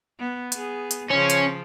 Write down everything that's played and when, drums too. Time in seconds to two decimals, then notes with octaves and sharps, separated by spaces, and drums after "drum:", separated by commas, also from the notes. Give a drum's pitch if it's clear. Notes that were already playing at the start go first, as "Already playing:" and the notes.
0.19 B3
0.52 B3 G#4, drum: hi-hat
0.91 drum: hi-hat
1.10 C#3 F3 C#4
1.30 drum: hi-hat